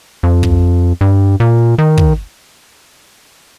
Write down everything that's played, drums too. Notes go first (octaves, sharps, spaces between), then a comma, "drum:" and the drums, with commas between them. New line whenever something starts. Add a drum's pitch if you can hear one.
F2
drum: kick
G2
A#2
D#3
drum: kick